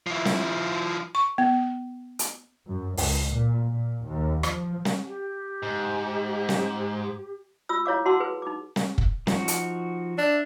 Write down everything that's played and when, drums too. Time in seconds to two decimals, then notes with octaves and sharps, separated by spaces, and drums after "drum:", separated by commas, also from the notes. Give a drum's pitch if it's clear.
0.07 F3 E4
0.25 drum: snare
1.15 C#6
1.38 B3
2.19 drum: hi-hat
2.66 F#2
2.97 C#2, drum: open hi-hat
3.30 A#2
3.65 A#2
4.05 D#2
4.43 F3, drum: rim click
4.85 drum: snare
5.07 G4
5.63 G#2
6.49 drum: snare
7.69 F4 D#6 E6
7.86 E4 C#5 F5 D6
8.05 F#4 F#5 A5 C6 D6 E6
8.20 G#4 B4
8.42 D#4 D6
8.76 drum: snare
8.98 drum: kick
9.27 F3 D#4 F#4, drum: snare
9.48 drum: hi-hat
10.18 D4 E5